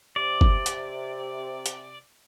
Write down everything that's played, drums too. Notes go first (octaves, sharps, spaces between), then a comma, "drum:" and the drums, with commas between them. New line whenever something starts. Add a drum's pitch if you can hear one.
C3 D5
drum: kick
drum: hi-hat
drum: hi-hat